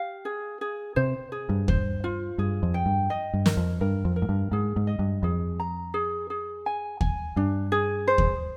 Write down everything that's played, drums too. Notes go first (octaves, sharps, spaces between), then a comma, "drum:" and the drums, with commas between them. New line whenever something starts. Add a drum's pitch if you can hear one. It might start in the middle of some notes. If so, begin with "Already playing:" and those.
Already playing: G4 F5
G#4
G#4
C3 C5
G#4
G2
C5, drum: kick D#2
F4
G2 G#4
F2
G5
G2
D#5
G2
A#4, drum: snare
F2
G2 A#4
F2
A#4
G#2
G2
G#2 G#4
G#2
D#5
G2
F2 G#4
A#5
G#4
G#4
G#5
G#5, drum: kick D#2
G2 D4
G#4
C5
drum: kick D#2